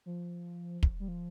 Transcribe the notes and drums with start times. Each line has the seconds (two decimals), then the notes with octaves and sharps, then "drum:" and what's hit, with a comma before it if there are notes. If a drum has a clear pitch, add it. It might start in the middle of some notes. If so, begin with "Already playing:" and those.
0.06 F3
0.83 drum: kick
1.00 G3
1.08 F3